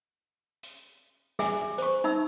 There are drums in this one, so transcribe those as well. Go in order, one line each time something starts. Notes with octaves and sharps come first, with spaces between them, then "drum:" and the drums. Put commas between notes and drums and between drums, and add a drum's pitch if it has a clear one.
drum: hi-hat
G#4 E5 G#5, drum: snare
C5 C#6, drum: hi-hat
D#4 E5 E6